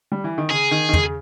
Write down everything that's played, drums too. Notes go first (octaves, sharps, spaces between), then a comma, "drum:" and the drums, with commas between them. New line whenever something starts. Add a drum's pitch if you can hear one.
G3
E3
D#3
C#3 G#4
D#3
D#3
C#3, drum: tom